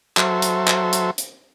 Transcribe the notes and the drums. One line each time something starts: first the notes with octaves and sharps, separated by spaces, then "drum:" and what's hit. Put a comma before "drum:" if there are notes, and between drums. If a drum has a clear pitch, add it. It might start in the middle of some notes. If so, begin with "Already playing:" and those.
F#3 A4 C5 E5, drum: clap
drum: hi-hat
drum: clap
drum: hi-hat
drum: hi-hat